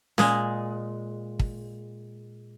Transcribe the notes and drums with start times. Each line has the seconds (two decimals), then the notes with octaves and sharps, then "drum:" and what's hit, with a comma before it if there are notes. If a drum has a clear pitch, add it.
0.18 A#2 G#3, drum: snare C#4
1.39 drum: kick